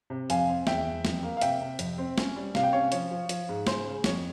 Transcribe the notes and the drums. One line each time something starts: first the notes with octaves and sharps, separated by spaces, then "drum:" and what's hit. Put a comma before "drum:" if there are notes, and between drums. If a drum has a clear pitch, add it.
C3
F2 F5 G#5, drum: hi-hat
C4
E2 E5 G5, drum: snare
E2
F2, drum: snare
A#3
F5
C3 E5 G5, drum: hi-hat
C3
F2, drum: hi-hat
C4
C#4, drum: snare
G3
C3 F5, drum: snare
G5
C#4 C#5 F5
F3 C#5, drum: hi-hat
F3
F3, drum: hi-hat
G#2
C#3 C5, drum: snare
C#3
F2 C#5, drum: snare